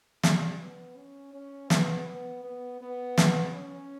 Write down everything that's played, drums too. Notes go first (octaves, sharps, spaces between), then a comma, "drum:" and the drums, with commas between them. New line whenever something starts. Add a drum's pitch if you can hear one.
G3, drum: snare
B3
C#4
C#4
B3, drum: snare
B3
B3
B3
drum: snare
C#4